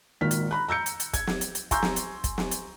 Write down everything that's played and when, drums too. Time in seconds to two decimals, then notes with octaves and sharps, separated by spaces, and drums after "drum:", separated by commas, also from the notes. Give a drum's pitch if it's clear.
0.21 G#1 A#2 D#3 F6 B6
0.31 drum: hi-hat
0.51 A#5 B5 F#6
0.68 A#5 E6 G6 C#7
0.86 drum: hi-hat
1.00 drum: hi-hat
1.14 G#6, drum: kick, hi-hat
1.27 drum: snare
1.41 drum: hi-hat
1.55 drum: hi-hat
1.71 G#5 A#5 C6 C#6 E6 G6, drum: kick, hi-hat
1.82 drum: snare
1.96 drum: hi-hat
2.24 drum: kick, hi-hat
2.38 drum: snare
2.51 drum: hi-hat